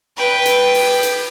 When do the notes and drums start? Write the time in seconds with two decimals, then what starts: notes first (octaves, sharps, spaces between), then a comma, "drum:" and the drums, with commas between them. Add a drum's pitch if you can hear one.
0.17 B4 G5
0.45 drum: hi-hat
0.74 drum: open hi-hat
1.03 drum: hi-hat